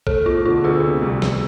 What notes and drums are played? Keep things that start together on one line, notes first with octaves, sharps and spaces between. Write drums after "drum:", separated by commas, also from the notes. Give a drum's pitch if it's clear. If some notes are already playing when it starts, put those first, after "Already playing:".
A3 A4, drum: kick A#1
B2 F4
D3 F4
D2 G#4
C3
C2
B2 G#4, drum: snare